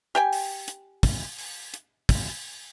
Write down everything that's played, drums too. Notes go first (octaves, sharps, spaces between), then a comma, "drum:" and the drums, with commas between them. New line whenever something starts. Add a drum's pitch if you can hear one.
G4 G5 G#5
drum: open hi-hat
drum: hi-hat
drum: kick, open hi-hat
drum: open hi-hat
drum: hi-hat
drum: kick, open hi-hat